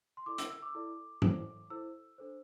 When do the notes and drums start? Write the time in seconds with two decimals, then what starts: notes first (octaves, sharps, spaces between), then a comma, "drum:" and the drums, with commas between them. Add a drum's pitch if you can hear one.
0.17 C6
0.26 E4 A4 D5 D6
0.38 E6, drum: hi-hat
0.50 E6
0.62 D6
0.75 E4 A4 D5
1.22 E4 A4 C5, drum: tom G#2
1.70 E4 A4 C5 E6
2.18 D4 A4 C5